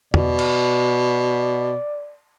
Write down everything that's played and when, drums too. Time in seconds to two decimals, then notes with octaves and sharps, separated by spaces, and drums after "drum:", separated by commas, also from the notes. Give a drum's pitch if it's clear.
0.14 B2 D5, drum: tom E2
0.39 drum: cymbal